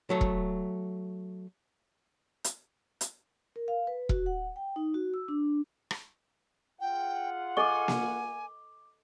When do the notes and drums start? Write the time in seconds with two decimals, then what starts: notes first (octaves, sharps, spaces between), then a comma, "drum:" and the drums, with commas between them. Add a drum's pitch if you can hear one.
0.10 F#3 A3
0.21 drum: kick E1
2.44 drum: hi-hat
3.01 drum: hi-hat
3.56 A#4
3.68 F5
3.87 B4
4.09 F#4, drum: kick E1
4.26 F#5
4.56 G5
4.76 D#4
4.94 F#4
5.14 E6
5.28 D4
5.91 drum: rim click
6.81 F4 G#4 F#5 G5
7.57 A4 D#5 G#5 C#6 D6 G7
7.88 drum: snare A#3